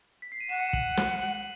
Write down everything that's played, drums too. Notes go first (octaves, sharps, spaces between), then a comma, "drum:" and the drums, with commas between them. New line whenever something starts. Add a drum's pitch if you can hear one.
B6
C7
D#7
F#5 E7
E7
F#7, drum: kick
drum: snare
F#7